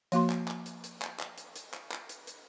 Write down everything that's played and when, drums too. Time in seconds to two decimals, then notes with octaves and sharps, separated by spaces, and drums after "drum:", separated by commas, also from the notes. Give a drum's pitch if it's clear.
0.12 F3 A#3 F#4 C6, drum: hi-hat
0.30 drum: clap
0.48 drum: clap
0.66 drum: hi-hat
0.84 drum: hi-hat
1.02 drum: clap
1.20 drum: clap
1.38 drum: hi-hat
1.56 drum: hi-hat
1.73 drum: clap
1.91 drum: clap
2.09 drum: hi-hat
2.27 drum: hi-hat